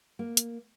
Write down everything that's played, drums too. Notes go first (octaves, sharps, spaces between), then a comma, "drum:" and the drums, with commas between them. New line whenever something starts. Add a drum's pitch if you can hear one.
A#3
drum: hi-hat